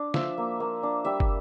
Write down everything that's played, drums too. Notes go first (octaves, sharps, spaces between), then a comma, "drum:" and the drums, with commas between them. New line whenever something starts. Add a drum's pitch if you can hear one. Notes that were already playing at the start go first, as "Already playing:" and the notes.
Already playing: D4
F3 E5, drum: snare
A#3
A#3
D4
G3 E5
drum: kick